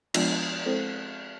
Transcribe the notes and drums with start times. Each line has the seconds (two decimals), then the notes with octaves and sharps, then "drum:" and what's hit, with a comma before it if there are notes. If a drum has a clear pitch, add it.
0.14 F3 G#3 B3 D4 F4, drum: cymbal
0.66 G#3 C4 E4 A4 C5